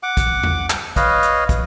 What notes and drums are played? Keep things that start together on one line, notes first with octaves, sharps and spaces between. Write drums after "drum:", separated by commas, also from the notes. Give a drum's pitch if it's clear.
F#5 D6
drum: kick, hi-hat
drum: tom E2
drum: clap
B4 C#5 D#5 F5, drum: kick, hi-hat
drum: hi-hat
drum: kick, hi-hat